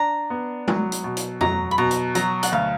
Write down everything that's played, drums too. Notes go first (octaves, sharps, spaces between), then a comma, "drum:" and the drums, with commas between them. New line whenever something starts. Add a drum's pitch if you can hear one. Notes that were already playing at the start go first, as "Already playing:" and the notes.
Already playing: D4 A#5
B3
F#3, drum: tom G#3
drum: hi-hat
B2
drum: hi-hat
F#3 A#5, drum: tom
B5
B2 A#5
drum: hi-hat
F#3 A#5, drum: hi-hat
F#5, drum: hi-hat
D2 F5